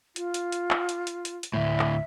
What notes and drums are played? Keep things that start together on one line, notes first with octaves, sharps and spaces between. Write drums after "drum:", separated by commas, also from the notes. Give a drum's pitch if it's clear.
F4, drum: hi-hat
drum: hi-hat
drum: hi-hat
drum: clap
drum: hi-hat
drum: hi-hat
drum: hi-hat
drum: hi-hat
D2 A2 E5
drum: clap